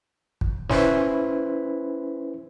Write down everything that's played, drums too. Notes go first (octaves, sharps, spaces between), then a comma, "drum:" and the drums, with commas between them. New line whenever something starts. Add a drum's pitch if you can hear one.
drum: kick
C#4 E4 B4 C5, drum: snare